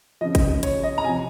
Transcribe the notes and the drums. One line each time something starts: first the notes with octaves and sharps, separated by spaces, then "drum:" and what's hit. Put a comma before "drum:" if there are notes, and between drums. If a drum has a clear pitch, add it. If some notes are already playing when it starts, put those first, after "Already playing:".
C#3 F3 D#5
drum: kick, hi-hat
C#5, drum: hi-hat
D#5
A#5
C3 F3 G#5